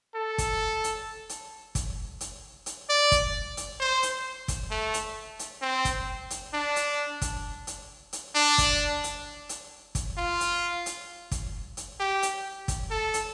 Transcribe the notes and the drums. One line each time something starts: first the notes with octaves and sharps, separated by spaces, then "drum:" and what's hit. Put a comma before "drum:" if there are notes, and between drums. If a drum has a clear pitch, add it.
A4
drum: kick, hi-hat
drum: hi-hat
drum: hi-hat
drum: kick, hi-hat
drum: hi-hat
drum: hi-hat
D5
drum: kick, hi-hat
drum: hi-hat
C5
drum: hi-hat
drum: kick, hi-hat
A3
drum: hi-hat
drum: hi-hat
C4
drum: kick, hi-hat
drum: hi-hat
D4
drum: hi-hat
drum: kick, hi-hat
drum: hi-hat
drum: hi-hat
D4
drum: kick, hi-hat
drum: hi-hat
drum: hi-hat
drum: kick, hi-hat
F4
drum: hi-hat
drum: hi-hat
drum: kick, hi-hat
drum: hi-hat
G4
drum: hi-hat
drum: kick, hi-hat
A4
drum: hi-hat